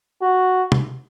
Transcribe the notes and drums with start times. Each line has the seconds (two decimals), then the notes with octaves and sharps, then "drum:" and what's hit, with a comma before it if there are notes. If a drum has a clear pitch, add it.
0.22 F#4
0.72 drum: tom